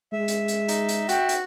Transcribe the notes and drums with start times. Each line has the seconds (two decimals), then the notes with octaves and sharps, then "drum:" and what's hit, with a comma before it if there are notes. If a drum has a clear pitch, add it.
0.13 G#3 E5
0.28 drum: hi-hat
0.48 drum: hi-hat
0.69 D#4, drum: hi-hat
0.89 drum: hi-hat
1.09 F#4 G5, drum: hi-hat
1.29 drum: hi-hat